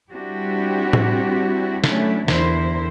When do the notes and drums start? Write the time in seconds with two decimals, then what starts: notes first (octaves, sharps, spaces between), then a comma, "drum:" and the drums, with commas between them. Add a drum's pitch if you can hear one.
0.10 G3 C4 D4 E4 F#4 G4
0.93 drum: tom A2
1.84 F#3 A3 C#4 D4 E4, drum: snare
2.28 E2 D3 E3 E4 A#4 C5, drum: snare